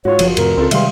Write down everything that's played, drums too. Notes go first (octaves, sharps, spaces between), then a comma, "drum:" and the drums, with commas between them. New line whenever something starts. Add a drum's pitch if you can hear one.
G#2 F4 F#4 C#5
F#1 F3 F#3, drum: cymbal
F2 A2 C3 A#4, drum: cymbal
C#2 C4 F4 A4
C3 D#3 G3 G#3 E5 F5 C6, drum: cymbal